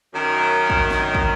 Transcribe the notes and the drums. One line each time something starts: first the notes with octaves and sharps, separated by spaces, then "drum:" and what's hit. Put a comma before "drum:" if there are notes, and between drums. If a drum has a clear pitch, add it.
F#2 D#3 F#3 C#4
drum: kick
D#4, drum: snare
drum: kick